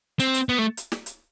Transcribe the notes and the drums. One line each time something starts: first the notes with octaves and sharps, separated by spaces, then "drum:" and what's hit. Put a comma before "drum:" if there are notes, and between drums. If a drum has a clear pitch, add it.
C4, drum: hi-hat
drum: hi-hat
B3
A3
drum: hi-hat
drum: snare
drum: hi-hat